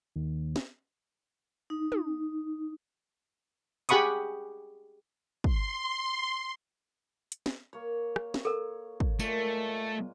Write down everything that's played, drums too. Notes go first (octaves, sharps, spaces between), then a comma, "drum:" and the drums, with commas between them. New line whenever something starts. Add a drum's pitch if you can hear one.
D#2
drum: snare
D#4
drum: tom
G4 G#4 F#5 B5 C#6 D#6, drum: hi-hat
C6, drum: kick
drum: hi-hat
drum: snare
A#3 C#5
drum: rim click
drum: snare
A4 A#4
drum: kick
A#2 G#3 A3, drum: tambourine